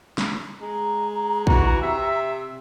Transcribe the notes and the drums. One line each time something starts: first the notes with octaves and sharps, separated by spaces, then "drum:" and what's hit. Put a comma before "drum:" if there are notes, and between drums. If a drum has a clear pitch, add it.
drum: snare
G#3 A#5
E3 F#4, drum: kick
C3 E5